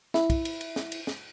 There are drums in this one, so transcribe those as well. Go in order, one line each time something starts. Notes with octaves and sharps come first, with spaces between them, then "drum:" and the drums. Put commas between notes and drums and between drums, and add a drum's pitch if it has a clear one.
E4, drum: snare
drum: kick, cymbal
drum: cymbal
drum: cymbal
drum: snare
drum: cymbal
drum: snare